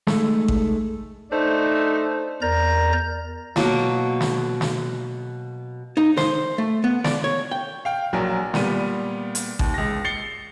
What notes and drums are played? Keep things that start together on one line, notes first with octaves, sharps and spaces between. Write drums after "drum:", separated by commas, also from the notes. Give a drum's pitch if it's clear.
G#3 A3 D#4 A4, drum: snare
drum: kick A1
A3 D4 D#4 C5
E2 A#4 D5 A#5 G6 A#6
B2 F#3 A#3 A4, drum: snare
drum: snare
drum: snare
D#4
C5, drum: snare
A3
B3
D5, drum: snare
C#5
G5
F5 G5
A#1 F#3 A#4 G#5
A#2 G3 B3 D#7, drum: snare
drum: hi-hat
D#2, drum: kick A1
C#2 A#6
A6 C7 C#7 G7